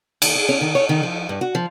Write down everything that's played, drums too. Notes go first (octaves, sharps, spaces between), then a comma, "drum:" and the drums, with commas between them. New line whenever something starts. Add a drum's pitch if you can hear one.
D#2, drum: cymbal
G#4
C#4
D#3
C#5
D#3
F3
G2
F#4
F3